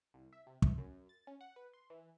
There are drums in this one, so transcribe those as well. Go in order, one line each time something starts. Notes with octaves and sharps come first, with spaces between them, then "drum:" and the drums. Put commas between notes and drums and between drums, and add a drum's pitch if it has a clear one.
C2
E5
C3
C3, drum: kick
F#2
A6
C#4
F#5
B4
C6
E3